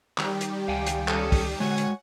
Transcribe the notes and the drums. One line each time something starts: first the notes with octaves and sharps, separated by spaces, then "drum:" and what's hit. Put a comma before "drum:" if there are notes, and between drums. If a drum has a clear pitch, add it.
D#3 G3 G4, drum: clap
drum: hi-hat
C#2 F5 G5 G#5
drum: hi-hat
C#4 A4 D#6, drum: clap
drum: kick, open hi-hat
D3 G#3 F#4 C#5 F#5 G#5 C#7
drum: hi-hat